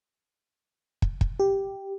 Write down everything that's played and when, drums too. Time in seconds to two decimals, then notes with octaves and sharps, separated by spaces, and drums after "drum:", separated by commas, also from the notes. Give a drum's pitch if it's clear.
1.02 drum: kick
1.21 drum: kick
1.40 G4